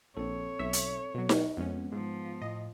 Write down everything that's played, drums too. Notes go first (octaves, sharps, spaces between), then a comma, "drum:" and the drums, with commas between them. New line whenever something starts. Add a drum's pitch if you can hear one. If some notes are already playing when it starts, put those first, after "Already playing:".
A#1 C4 A4 C#5
B1 E5 B6
drum: hi-hat
B2 F#3
drum: snare D#4
F2 G#3 B3 C#4
G#2 F3
A2 D#5